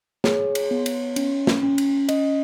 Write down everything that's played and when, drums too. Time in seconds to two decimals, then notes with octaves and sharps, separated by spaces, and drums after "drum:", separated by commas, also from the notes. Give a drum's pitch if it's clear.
0.24 G#4 C#5, drum: snare
0.55 drum: cymbal
0.71 B3
0.86 drum: cymbal
1.16 C#4, drum: cymbal
1.47 drum: snare
1.63 C#4
1.78 drum: cymbal
2.09 C#4 D#5, drum: cymbal